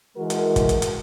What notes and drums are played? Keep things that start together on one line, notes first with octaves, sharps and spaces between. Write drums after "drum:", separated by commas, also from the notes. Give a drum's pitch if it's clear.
E3 G#3 F#4 A#4
drum: hi-hat
drum: kick, hi-hat
drum: hi-hat
drum: hi-hat